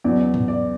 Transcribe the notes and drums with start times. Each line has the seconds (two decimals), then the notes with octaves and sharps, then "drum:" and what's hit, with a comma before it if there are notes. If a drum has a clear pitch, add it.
0.04 E2 C#3 F#3 D5
0.34 drum: tom G#2
0.48 D5